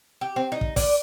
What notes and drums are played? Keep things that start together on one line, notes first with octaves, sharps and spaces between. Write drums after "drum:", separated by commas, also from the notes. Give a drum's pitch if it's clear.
G4
C4
D#4
drum: kick
D5, drum: kick, open hi-hat